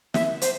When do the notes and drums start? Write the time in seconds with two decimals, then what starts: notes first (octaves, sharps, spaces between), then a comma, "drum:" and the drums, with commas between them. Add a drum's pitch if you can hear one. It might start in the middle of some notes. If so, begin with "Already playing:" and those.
0.14 E5, drum: snare
0.42 C5, drum: hi-hat